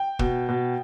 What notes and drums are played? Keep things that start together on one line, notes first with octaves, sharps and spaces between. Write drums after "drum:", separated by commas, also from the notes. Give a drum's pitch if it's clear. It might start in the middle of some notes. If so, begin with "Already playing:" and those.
Already playing: G5
B2, drum: kick
B2